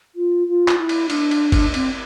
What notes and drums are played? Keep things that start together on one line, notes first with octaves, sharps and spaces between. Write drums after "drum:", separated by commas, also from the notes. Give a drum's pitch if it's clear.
F4
F4
drum: clap
E4
drum: cymbal
D4, drum: cymbal
drum: cymbal
drum: kick, cymbal
C4, drum: cymbal